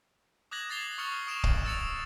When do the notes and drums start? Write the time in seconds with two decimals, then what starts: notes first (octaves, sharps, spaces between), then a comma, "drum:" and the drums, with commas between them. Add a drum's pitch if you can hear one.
0.51 D6 D#6 F#6 G#6 A#6 F#7
0.69 D6 A6 A#6 C7 F7 G7
0.98 C#6 D#6 F6 C#7 F7 G7
1.27 C#6 D#6 D7 E7 F7 G7
1.44 drum: kick C#1
1.65 E6 A6 C#7 F7